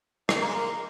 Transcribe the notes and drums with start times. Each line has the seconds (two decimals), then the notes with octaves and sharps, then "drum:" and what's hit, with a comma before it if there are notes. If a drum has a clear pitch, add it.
0.29 D#4, drum: rim click
0.41 A#3
0.48 G#3
0.55 A#3